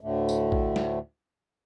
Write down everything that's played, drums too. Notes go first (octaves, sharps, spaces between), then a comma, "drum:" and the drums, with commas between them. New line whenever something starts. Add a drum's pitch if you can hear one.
D2 A2 D3 A3
drum: tambourine
drum: kick A#1
drum: snare